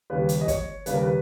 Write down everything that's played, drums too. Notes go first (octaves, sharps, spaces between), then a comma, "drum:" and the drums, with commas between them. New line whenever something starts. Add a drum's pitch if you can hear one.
D#2 C#3 G3 B4
drum: hi-hat
D#5
C#5, drum: kick, hi-hat
D#2 C#3 G3 B4, drum: hi-hat
A#4
B4